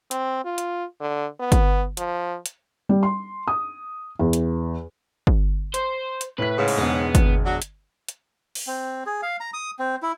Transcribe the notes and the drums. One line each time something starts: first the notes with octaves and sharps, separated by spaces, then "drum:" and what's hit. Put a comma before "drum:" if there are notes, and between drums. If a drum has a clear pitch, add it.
C4, drum: hi-hat
F4
drum: hi-hat
D3
B3
drum: kick G1, hi-hat
F3, drum: hi-hat
drum: hi-hat
G3
C6
D#6
E2
drum: hi-hat
drum: kick G1
C5, drum: hi-hat
drum: hi-hat
A2 B4 B6
G#2 C#3
drum: open hi-hat
E1 E2 B3
drum: kick G1, hi-hat
F#3 D4 F#4
drum: hi-hat
drum: hi-hat
drum: open hi-hat
C4
G#4
F5
A#5
D#6
C4
E4